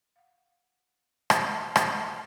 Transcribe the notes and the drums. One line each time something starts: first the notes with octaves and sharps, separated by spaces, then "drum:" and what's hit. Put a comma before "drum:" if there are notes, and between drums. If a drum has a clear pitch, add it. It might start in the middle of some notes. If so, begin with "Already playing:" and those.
F5 F#5
drum: rim click
drum: rim click